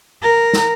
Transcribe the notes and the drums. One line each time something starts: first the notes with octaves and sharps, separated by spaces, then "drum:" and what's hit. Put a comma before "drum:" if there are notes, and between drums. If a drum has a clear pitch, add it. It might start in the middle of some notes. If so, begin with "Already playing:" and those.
A#4
drum: snare